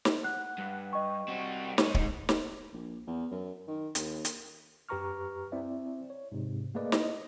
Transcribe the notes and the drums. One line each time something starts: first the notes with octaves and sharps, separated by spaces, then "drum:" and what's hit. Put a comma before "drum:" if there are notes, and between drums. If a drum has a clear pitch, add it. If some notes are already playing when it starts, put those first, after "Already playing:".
drum: snare
F#5 F#6
G2
D#5 G5 C#6
G3 C4 F#4
G#2 D#4 C#5, drum: snare
drum: kick
drum: snare
A#1
E2
F#2
D#3
D#2, drum: hi-hat
drum: hi-hat
F#2 G4 B4 A#5 C#6 F6
C4 E4 C5 D5 E5
C#5
G#2 C3
A3 A#3 G#4 B4 D5 D#5
E4 D#5, drum: snare